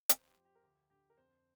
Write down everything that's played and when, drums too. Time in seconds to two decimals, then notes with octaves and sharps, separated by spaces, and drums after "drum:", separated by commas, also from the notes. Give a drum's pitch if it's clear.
0.09 F2 C5, drum: hi-hat
0.27 G4
0.36 F3
0.45 G4
0.55 A#4
0.63 D2 G4
0.90 D3 G4
1.10 A#4
1.17 F2 C5